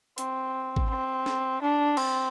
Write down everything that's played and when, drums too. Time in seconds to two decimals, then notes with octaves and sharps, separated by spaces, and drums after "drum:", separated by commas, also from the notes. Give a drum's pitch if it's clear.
0.18 C4, drum: hi-hat
0.76 drum: kick G#1
0.89 C4
1.26 drum: snare
1.61 D4
1.97 C4, drum: cymbal